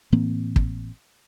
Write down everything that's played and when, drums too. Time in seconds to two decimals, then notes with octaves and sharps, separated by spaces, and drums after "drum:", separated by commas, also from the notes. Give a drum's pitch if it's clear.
0.12 A2 E3 A#3 C4
0.56 drum: kick